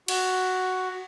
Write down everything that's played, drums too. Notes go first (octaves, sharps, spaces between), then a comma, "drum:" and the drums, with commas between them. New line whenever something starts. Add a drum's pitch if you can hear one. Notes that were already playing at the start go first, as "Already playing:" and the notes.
F#4, drum: cymbal